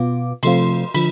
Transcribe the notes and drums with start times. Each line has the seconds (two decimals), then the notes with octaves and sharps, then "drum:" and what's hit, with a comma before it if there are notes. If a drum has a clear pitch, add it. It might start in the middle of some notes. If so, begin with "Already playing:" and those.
Already playing: B2 B3 F4 D6
0.43 C3 F3 A3 C4 F4 C6, drum: cymbal
0.94 D3 F3 B5, drum: cymbal